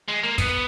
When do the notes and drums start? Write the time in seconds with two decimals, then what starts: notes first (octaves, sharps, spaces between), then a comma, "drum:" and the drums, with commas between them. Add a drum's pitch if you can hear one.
0.08 G#3
0.23 A#3
0.38 B3, drum: kick, hi-hat